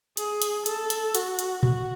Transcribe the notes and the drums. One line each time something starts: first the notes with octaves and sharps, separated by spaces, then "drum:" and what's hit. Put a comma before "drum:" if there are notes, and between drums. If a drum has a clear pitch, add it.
G#4, drum: hi-hat
drum: hi-hat
A4, drum: hi-hat
drum: hi-hat
F#4, drum: hi-hat
drum: hi-hat
F#4, drum: tom A#2